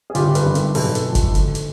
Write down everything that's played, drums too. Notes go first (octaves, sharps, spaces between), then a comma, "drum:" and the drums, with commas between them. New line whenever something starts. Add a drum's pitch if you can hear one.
G#4
G1 F4 G4, drum: hi-hat
A4 B4, drum: hi-hat
G2 D#3
drum: hi-hat
B1 A4 B4, drum: open hi-hat
drum: hi-hat
A2 F3
drum: kick F#1, hi-hat
D2, drum: hi-hat
drum: hi-hat